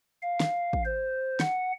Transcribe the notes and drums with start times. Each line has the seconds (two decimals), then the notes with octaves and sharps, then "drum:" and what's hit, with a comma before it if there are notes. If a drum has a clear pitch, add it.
0.22 F5
0.40 drum: snare
0.73 drum: kick
0.85 C5
1.40 F#5, drum: snare